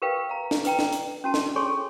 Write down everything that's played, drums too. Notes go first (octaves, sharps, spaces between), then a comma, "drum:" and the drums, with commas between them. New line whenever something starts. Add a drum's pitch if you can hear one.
G4 A#4 B4 F5 G5
F5 A#5
drum: snare
B4 G5 A#5, drum: hi-hat
drum: snare
drum: hi-hat
C#4 F#4 A5
drum: snare
G#4 A4 C#5 G#5 C6 C#6